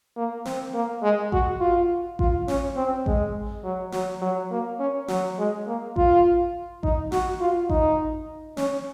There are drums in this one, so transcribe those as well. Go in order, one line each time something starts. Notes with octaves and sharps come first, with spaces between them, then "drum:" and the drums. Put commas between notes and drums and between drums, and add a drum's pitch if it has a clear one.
A#3
C4, drum: snare
A#3
G#3
F#4, drum: kick A1
F4
F4, drum: kick A1
C#4, drum: snare
C4
G#3, drum: kick A1
F#3
F#3, drum: snare
F#3
A#3
C#4
F#3, drum: snare
G#3
A#3
F4, drum: kick A1
D#4, drum: kick A1
F#4, drum: snare
F4
D#4, drum: kick A1
C#4, drum: snare